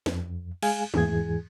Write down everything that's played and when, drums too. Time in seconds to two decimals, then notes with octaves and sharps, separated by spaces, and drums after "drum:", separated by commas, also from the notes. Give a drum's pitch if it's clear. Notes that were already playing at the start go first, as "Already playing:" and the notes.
0.06 F2, drum: snare
0.63 G#3 G#4 F5 G#5, drum: cymbal
0.94 E2 G#2 E3 G#4 G#6, drum: tom